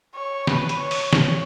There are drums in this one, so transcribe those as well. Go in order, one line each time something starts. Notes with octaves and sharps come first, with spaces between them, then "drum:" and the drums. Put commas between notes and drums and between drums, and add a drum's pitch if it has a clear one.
C#5
B4, drum: snare
drum: hi-hat
C#5
drum: open hi-hat
C#5, drum: snare